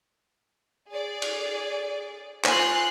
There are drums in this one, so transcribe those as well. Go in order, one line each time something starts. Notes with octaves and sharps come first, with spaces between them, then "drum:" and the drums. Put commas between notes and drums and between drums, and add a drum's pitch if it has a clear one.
G#4 D5
drum: cymbal
F4 C5 G#5 C6 F#6, drum: clap